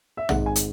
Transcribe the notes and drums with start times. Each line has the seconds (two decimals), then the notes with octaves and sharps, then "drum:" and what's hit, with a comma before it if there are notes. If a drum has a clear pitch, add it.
0.17 E5
0.29 G#1 G#2 G#3 F#5, drum: tom A#1
0.46 G#5
0.56 drum: hi-hat